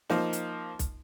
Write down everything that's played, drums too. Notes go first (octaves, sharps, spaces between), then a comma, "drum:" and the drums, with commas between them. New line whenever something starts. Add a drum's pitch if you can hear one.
F3 A#3 D#4, drum: snare
drum: hi-hat
drum: kick B1, hi-hat